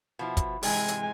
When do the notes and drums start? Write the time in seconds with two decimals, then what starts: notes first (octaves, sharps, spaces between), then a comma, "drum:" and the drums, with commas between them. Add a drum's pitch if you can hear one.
0.19 B2 F3 E4
0.37 drum: kick, hi-hat
0.63 G#2 C3 E3 G#3 G#5, drum: open hi-hat
0.88 drum: hi-hat